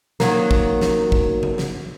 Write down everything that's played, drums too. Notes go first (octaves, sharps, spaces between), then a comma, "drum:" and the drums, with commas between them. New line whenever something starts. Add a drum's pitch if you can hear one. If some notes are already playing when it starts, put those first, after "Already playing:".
D#3 F#3 A#3, drum: snare
drum: kick
drum: snare
drum: kick
drum: tom C#3
drum: snare